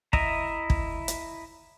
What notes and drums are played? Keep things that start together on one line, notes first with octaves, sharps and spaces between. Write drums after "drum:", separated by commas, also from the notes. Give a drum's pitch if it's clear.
E4 D#5 E5 A#5, drum: kick
drum: kick
drum: hi-hat